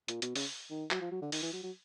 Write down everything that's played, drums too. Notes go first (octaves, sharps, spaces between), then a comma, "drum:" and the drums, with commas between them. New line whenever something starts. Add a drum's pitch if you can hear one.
A#2, drum: hi-hat
B2, drum: hi-hat
C#3, drum: open hi-hat
D#3
F#3, drum: clap
F3
F#3
D3
D#3, drum: open hi-hat
E3
F#3
F#3